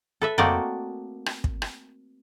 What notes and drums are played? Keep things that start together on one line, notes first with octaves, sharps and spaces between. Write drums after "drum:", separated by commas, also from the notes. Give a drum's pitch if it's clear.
A4 B4 E5
A3 A#3 C4 F#4 D5 D#5, drum: tom F2
drum: rim click
drum: kick
drum: rim click